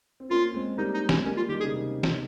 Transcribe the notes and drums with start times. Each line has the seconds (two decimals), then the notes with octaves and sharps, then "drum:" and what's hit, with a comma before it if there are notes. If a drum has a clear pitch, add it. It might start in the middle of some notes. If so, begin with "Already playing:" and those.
0.20 C4
0.31 A#3 C#4 F4
0.54 G#3 C4
0.78 G3 A#3 D#4
0.94 D#4
1.09 C#4, drum: snare
1.18 G#3
1.25 G3 A#3 C#4
1.37 F4
1.48 D#3 G3 G4
1.60 G#4
1.64 C#3
1.72 C3 D#3
2.03 drum: snare